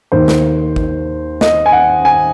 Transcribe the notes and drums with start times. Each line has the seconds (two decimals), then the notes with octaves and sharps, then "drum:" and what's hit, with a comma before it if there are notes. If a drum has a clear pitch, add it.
0.12 D#2 D#3 C5
0.28 drum: snare
0.76 drum: kick
1.41 D#5, drum: snare
1.66 G#5
1.72 F#5
2.05 G#5